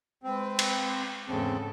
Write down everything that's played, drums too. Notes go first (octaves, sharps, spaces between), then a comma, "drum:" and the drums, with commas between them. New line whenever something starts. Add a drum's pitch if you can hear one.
G#3 C4 B4
drum: cymbal
E2 G#2 C#3 C4 A4